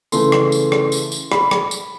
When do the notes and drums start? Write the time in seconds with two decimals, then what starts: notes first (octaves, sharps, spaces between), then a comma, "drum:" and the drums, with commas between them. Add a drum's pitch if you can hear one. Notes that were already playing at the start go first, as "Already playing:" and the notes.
0.12 C#3 E3 A3 C6, drum: tambourine
0.32 drum: rim click
0.52 drum: tambourine
0.72 drum: rim click
0.92 drum: tambourine
1.12 drum: tambourine
1.32 B5, drum: rim click
1.51 drum: rim click
1.71 drum: tambourine